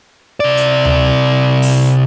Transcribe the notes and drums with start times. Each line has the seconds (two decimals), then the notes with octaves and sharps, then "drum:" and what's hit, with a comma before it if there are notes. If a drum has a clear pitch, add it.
0.40 C3 D5
0.57 drum: hi-hat
0.85 drum: tom D2
1.62 drum: open hi-hat